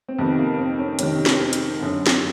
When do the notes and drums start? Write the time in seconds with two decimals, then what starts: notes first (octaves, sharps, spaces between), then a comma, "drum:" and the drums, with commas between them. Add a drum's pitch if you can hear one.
0.08 C4
0.19 F2 C3 D#3 B3
0.39 A#3
0.59 C4
0.79 C#4
0.99 F2 C3 D#3 C#4, drum: hi-hat
1.26 drum: snare
1.40 C4
1.53 drum: hi-hat
1.79 F#2 D3
2.07 drum: snare